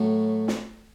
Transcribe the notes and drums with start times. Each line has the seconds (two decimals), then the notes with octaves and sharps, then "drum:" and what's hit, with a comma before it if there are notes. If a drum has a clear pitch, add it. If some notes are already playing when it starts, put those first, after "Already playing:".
Already playing: A2 F#3 A3
0.48 drum: snare